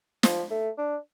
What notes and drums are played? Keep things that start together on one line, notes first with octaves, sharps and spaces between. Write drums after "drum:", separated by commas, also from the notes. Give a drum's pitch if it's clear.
F3, drum: snare
A3
D4